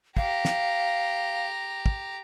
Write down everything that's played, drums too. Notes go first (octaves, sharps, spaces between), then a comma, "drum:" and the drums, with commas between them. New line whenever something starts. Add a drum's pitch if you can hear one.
G4 F5 A#5, drum: kick
drum: snare
drum: kick